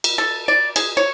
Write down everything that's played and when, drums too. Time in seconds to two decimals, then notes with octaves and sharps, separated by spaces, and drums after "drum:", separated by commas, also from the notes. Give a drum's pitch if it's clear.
0.04 drum: cymbal
0.18 A4
0.48 D5
0.76 G#4, drum: cymbal
0.97 C#5